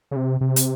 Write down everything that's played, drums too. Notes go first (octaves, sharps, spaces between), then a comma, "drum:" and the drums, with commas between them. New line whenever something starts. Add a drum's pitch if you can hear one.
C#3
C3
C3
drum: hi-hat